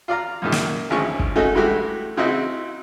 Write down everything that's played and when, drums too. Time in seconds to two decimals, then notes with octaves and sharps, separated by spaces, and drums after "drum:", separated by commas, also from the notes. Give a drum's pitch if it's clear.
0.08 F4 D5 F5 A#5
0.42 F#2 A#2 D#3
0.52 drum: snare
0.90 G#1 D2 F3 C#4 C#6
1.19 drum: kick
1.35 A3 C#4 D#4 F#4 A4
1.55 G2 G#3 A3 E4 F#4 G4
2.17 C#3 C4 D#4 E4 F#4